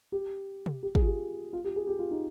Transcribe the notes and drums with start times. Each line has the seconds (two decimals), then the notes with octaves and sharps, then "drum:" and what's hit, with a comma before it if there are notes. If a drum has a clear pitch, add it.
0.12 G4
0.66 drum: tom
0.83 G4
0.95 G#4, drum: kick
1.01 F4
1.06 G4
1.53 F4
1.64 G4
1.76 G#4
1.87 G4
1.99 F4
2.11 D#4